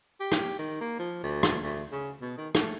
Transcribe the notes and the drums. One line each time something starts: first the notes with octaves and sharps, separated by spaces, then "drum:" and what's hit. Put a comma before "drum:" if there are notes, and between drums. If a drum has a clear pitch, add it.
G4
drum: rim click
D#3
A#3
F3
D2
drum: rim click
D2
C#3
B2
D#3
A3, drum: rim click